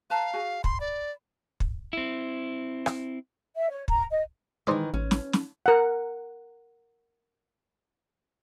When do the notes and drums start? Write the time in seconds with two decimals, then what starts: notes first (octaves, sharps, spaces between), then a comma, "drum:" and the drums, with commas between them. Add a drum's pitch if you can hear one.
0.10 B4 F5 A5 A#5
0.33 F#4 G#4 G#5
0.64 B5 C6, drum: kick
0.80 D5
1.60 drum: kick
1.93 C4 E4
2.86 drum: rim click
3.55 E5
3.69 C#5
3.88 A#5, drum: kick
4.10 D#5
4.67 D#3 E3 G#3 D#4 C5 D5
4.94 A1 C#4
5.11 drum: snare
5.33 drum: snare
5.66 A#4 F#5